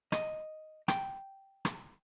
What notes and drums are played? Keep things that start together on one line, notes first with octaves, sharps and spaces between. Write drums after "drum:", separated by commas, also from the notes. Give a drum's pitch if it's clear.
D#5, drum: rim click
G5, drum: rim click
drum: rim click